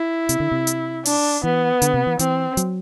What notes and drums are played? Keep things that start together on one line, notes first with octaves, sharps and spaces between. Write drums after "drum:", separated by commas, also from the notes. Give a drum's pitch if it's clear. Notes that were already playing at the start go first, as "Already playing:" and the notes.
Already playing: E4
C3, drum: hi-hat
D3
C3
drum: hi-hat
D4, drum: open hi-hat
E3 B3
D3, drum: hi-hat
C3
E3
E3 C4, drum: hi-hat
F#3, drum: hi-hat